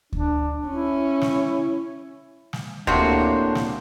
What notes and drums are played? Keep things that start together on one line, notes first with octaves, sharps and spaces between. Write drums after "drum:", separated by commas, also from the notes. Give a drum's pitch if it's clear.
D4, drum: kick D2
C#4 E4
drum: snare
drum: snare
A2 C3 A#3 D4 F#4 C6 G6, drum: kick D2
drum: snare